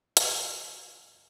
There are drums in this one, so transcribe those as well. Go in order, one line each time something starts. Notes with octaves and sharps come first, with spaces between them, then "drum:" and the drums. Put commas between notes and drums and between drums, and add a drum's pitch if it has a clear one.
A2 E3 B3 E4, drum: hi-hat
F#2 C#3 G#3 B3 E4